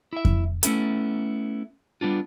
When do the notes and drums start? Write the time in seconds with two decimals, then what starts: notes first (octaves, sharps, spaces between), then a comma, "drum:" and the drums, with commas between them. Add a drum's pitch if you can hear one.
0.13 E4 E5
0.25 drum: kick F2
0.63 A3 B3 C#4 E4 A4, drum: hi-hat
2.01 G3 B3 D4 F4